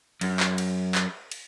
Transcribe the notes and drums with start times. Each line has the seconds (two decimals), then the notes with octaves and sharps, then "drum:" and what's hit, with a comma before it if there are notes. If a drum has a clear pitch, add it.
0.21 F#2, drum: cymbal
0.40 drum: clap
0.58 drum: cymbal
0.95 drum: clap
1.32 drum: cymbal